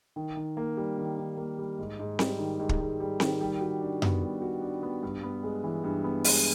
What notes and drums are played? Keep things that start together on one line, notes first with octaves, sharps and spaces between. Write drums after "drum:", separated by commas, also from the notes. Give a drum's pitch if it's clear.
D#3
D#3
A#3
G3
D#3
D#3
A#3
G3
G#2
G#2
G3, drum: snare C4
D#3
G#2
drum: kick
G#2
G3
D#3, drum: snare C4
G3
F#4
D4
B3, drum: tom F#2
G3
F#4
D4
B3
G2
B3
G#3
E3
G2
B3
G#3, drum: open hi-hat